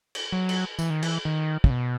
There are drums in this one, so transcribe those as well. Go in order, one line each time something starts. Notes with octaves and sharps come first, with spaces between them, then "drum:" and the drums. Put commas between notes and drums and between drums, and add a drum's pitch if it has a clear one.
drum: cymbal
F#3
drum: cymbal
E3, drum: tambourine
D#3
E3, drum: cymbal
D#3
C#3, drum: kick
B2